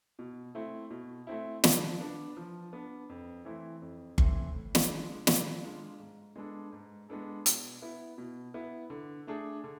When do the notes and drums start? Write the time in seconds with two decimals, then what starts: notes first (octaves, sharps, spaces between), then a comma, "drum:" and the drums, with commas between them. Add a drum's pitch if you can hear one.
0.19 B2
0.55 A3 C4 E4
0.90 B2
1.27 A3 C4 E4
1.64 F3, drum: snare
1.99 B3 D4
2.37 F3
2.73 B3 D4
3.09 F2
3.45 E3 A3 C4 E4
3.82 F2
4.18 E3 A3 C4 E4, drum: kick G1
4.54 A2
4.75 drum: snare
4.90 G#3 D4 F4
5.27 A2, drum: snare
5.63 G#3 D4 F4
5.99 G#2
6.36 G#3 B3 D4 A4
6.72 G#2
7.09 G#3 B3 D4 A4
7.46 B2, drum: hi-hat
7.82 B3 E4
8.18 B2
8.54 B3 E4
8.90 D3
9.27 A3 D4 G#4
9.64 D3